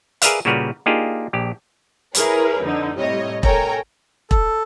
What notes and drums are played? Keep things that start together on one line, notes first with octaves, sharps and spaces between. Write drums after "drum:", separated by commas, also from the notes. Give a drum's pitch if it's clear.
G#4 A#4 B4 D5 E5 F5, drum: hi-hat
A#2 C#3 G3 F#4 A#4 B4
A#3 D4 D#4 F4 G4 G#4
A#1 G4
E4 G#4 A#4 B4 C#5, drum: hi-hat
F2 D3 D#4
A2 C3 G3 C#5 D#5
A4 A#4 C#5 G5 G#5 A#5, drum: kick E1
A4, drum: kick E1